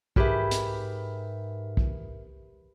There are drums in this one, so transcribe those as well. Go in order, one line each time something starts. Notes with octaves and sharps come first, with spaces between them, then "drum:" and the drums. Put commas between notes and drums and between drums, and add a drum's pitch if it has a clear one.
G#2 G4 G#4 A#4 B4 E5, drum: kick
drum: hi-hat
drum: kick